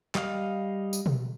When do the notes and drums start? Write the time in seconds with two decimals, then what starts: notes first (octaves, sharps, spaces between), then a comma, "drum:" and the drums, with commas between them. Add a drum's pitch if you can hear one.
0.15 G3 D#5 F5, drum: clap
0.93 drum: tambourine
1.06 drum: tom B2